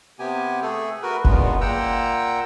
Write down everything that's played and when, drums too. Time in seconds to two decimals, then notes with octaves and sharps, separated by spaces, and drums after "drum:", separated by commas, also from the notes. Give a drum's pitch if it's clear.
0.19 C3 B3 G4 G#5
0.62 A3 G#4 A4
1.03 F#4 A#4 B4
1.24 E2 G2 A#2 C#3 G#3 B3, drum: kick F#1
1.61 A#2 A#3 F#5 G5 A#5 E6